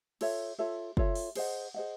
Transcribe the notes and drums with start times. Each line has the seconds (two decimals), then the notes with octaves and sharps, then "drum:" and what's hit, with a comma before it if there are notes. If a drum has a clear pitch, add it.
0.21 F4 A4 C#5 E5, drum: cymbal
0.59 F4 A4 C#5 E5
0.97 F4 A4 C#5 E5, drum: kick F#1
1.15 drum: open hi-hat
1.35 G#4 C5 D#5 F#5, drum: cymbal
1.74 G#4 C5 D#5 F#5